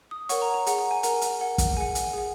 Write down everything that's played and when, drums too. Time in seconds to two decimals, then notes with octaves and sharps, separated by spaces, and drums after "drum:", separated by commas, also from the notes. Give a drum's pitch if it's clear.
0.11 D#6
0.29 A#4 C#5 F#5 C#6, drum: hi-hat
0.42 A#5
0.54 A#5
0.66 G#4 F#5, drum: hi-hat
0.79 A#5
0.91 G#5
1.03 A#4 F#5 A#5, drum: hi-hat
1.21 drum: hi-hat
1.40 A#4 F#5
1.58 drum: kick, hi-hat
1.77 G#4 F#5 G#5
1.95 drum: hi-hat
2.13 G#4 F#5